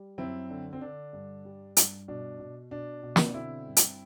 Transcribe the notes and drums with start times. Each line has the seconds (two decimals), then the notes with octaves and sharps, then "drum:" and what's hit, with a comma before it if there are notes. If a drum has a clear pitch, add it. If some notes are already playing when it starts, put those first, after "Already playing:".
Already playing: G3
0.18 F#2 C4 E4
0.50 D3
0.73 C4
0.81 D3 D4
1.13 G2
1.45 G3
1.77 G2, drum: hi-hat
2.08 B2 D4
2.39 B2
2.71 B2 D4
3.03 B2
3.16 C4, drum: snare
3.25 D4
3.34 D3 C4 E4
3.66 G2
3.77 drum: hi-hat